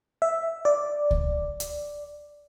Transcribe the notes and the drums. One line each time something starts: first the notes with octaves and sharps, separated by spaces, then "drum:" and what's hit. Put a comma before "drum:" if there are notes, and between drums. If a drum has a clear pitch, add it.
E5
D5
drum: kick C#2
drum: hi-hat